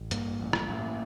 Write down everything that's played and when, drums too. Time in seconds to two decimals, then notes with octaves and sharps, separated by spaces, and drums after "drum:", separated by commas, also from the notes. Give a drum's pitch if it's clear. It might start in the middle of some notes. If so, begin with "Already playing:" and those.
Already playing: A1
0.11 G2 A#3, drum: hi-hat
0.40 A1
0.53 drum: rim click
0.68 A1